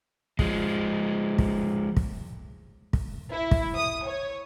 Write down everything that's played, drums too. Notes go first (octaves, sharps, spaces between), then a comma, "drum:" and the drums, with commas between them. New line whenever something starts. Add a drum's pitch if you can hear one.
F3 G#3, drum: kick
drum: kick
drum: kick
drum: kick
E4
drum: kick
D#6
C#5